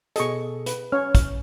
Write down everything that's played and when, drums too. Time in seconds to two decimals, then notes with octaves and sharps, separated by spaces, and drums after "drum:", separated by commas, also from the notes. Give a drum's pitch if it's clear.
0.16 B2 G#4 A4 D#5 C#6, drum: hi-hat
0.66 B4, drum: hi-hat
0.92 C#4 C#5 F6
1.15 drum: kick, hi-hat